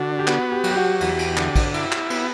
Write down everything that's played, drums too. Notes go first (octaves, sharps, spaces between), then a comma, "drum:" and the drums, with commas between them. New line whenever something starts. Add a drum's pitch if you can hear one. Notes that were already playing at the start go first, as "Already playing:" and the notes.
Already playing: D3 D4 F#4
G4
B3 F#4, drum: clap
G4
F#3, drum: cymbal
G4
F#4
E2, drum: cymbal
drum: cymbal
D3, drum: clap
drum: kick, cymbal
E4, drum: cymbal
drum: clap
B3, drum: cymbal